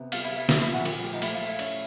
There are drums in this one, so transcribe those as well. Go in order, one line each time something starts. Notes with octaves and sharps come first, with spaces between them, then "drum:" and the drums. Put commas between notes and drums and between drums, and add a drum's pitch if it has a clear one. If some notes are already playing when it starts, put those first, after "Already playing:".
Already playing: C3 B3
G3 F4, drum: cymbal
E4
G3
E4
F3, drum: snare
E4
A#2
F#4
F3 G4, drum: cymbal
A3 G4
D#4
A3 E4, drum: cymbal
F4
A3
E4
C#4, drum: cymbal